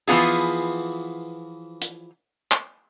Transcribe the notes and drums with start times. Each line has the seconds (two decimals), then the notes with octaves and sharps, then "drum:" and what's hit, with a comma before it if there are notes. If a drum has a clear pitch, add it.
0.08 E3 F3 B3 F4 G#4, drum: open hi-hat
1.82 drum: hi-hat
2.52 drum: clap